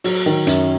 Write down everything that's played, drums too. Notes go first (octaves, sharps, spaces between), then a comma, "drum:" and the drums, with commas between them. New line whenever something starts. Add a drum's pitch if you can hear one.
F#3, drum: open hi-hat
D#3
F#2, drum: hi-hat